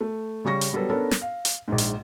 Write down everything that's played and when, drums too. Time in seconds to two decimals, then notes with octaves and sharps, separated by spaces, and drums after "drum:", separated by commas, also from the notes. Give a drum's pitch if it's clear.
0.01 A3
0.45 C#3 G3 C#6 A#6
0.61 drum: hi-hat
0.73 F#3 G3 B3 A4 B4
0.89 B3 C#4 D4 A4 A#4
1.11 drum: snare
1.22 F5
1.45 drum: hi-hat
1.68 A#1 G#2
1.78 drum: hi-hat